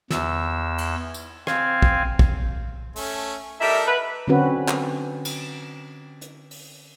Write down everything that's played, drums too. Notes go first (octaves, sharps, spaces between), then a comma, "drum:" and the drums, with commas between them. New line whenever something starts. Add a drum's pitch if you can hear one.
E2 E6, drum: snare
drum: cymbal
drum: tambourine
C4 F5 G#5, drum: rim click
drum: kick
drum: kick
A3 C#4, drum: open hi-hat
G3 D#4 A4 A#4 E5
B4
D3 C4 C#4 F#4 B4
drum: clap
drum: cymbal
drum: hi-hat
drum: open hi-hat